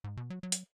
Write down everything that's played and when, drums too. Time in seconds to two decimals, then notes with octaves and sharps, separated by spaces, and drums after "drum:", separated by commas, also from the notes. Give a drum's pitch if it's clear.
0.04 G#2
0.17 B2
0.30 F#3
0.43 F#3
0.52 drum: hi-hat